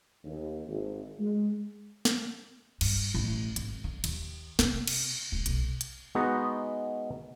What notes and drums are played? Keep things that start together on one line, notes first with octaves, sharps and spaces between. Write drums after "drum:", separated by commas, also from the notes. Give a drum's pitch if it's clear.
D#2
G#1
G#3
drum: snare
G2, drum: cymbal
A1
G#1, drum: hi-hat
D3
D#2, drum: cymbal
C3, drum: snare
drum: cymbal
D#1
B1, drum: hi-hat
drum: hi-hat
G#3 B3 D#4 F#4